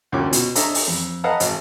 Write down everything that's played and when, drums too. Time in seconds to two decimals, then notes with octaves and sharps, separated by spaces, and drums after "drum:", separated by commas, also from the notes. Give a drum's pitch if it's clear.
0.12 D2 A#2 G3 C#4 A#4 D6
0.33 B2, drum: hi-hat
0.55 D4 A4 C#5 D#5 E5 A#5, drum: hi-hat
0.75 drum: open hi-hat
0.88 F2
1.24 B4 D#5 F5 F#5 A5 A#5
1.40 G#1, drum: hi-hat